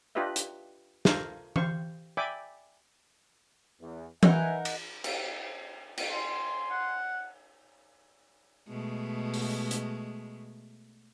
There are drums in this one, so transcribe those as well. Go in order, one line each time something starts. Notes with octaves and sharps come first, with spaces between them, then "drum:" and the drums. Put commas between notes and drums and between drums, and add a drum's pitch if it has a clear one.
D4 F4 G4 B4 D#5 E5
drum: hi-hat
F4 A4 A#4 C5 F5, drum: snare
G4 C5 F5 C#6, drum: tom E3
D5 E5 G5 G#5 B5 D6
E2
D#4 A#4 B4 E5 F#5 G#5, drum: tom E3
drum: cymbal
drum: cymbal
drum: cymbal
G#5 C6
F#5
B2 G#3 A3
drum: open hi-hat
drum: hi-hat